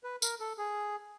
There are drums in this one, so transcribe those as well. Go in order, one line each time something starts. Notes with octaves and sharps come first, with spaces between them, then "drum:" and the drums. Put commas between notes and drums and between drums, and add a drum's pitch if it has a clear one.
B4
A#4, drum: tambourine
A4
G#4